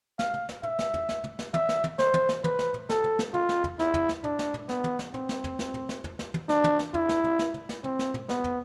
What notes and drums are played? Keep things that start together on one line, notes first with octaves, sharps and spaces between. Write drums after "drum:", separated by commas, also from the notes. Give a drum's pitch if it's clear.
F5, drum: snare
drum: tom
drum: snare
E5, drum: tom
drum: snare
drum: tom
drum: snare
drum: tom
drum: snare
E5, drum: tom
drum: snare
drum: tom
C5, drum: snare
drum: tom
drum: snare
B4, drum: tom
drum: snare
drum: tom
A4, drum: snare
drum: tom
drum: snare
F4, drum: tom
drum: snare
drum: tom
E4, drum: snare
drum: tom
drum: snare
D4, drum: tom
drum: snare
drum: tom
B3, drum: snare
drum: tom
drum: snare
C4, drum: tom
drum: snare
drum: tom
drum: snare
drum: tom
drum: snare
drum: tom
drum: snare
drum: tom
D4, drum: snare
drum: tom
drum: snare
E4, drum: tom
drum: snare
drum: tom
drum: snare
drum: tom
drum: snare
C4, drum: tom
drum: snare
drum: tom
B3, drum: snare
drum: tom